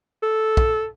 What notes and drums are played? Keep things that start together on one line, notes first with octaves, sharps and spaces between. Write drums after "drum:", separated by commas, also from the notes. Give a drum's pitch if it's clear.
A4
drum: kick